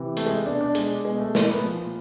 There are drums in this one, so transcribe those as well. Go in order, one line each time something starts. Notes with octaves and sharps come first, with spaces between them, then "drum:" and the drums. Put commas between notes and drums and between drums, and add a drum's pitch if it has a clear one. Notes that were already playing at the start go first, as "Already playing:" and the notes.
Already playing: C3 E3
A3, drum: hi-hat
G#3
B2 D4
D4
G#3, drum: hi-hat
B2 G#3
A3
A#3, drum: snare
B3
A#2 F3